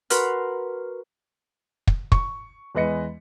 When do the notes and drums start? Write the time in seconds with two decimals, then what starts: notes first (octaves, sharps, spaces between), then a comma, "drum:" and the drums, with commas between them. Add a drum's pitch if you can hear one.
0.10 F#4 A#4 B4 C6 F6, drum: hi-hat
1.87 drum: kick
2.12 C#6, drum: kick
2.75 E2 G#3 B4 D#5 C#7